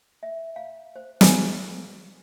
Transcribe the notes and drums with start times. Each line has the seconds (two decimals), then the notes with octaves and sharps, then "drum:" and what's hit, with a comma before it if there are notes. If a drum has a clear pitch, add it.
0.23 E5
0.56 F5
0.96 C5
1.21 G#5, drum: snare